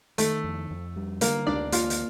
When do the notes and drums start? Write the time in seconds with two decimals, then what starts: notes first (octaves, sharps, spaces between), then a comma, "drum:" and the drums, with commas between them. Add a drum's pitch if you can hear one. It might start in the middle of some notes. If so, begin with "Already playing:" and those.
0.18 D#3 A3 A4, drum: hi-hat
0.44 F2
0.71 F2
0.96 G3
1.21 D3 A#3 A#4, drum: hi-hat
1.47 D2 D4 D5
1.72 A#3 F4 F5, drum: hi-hat
1.90 drum: hi-hat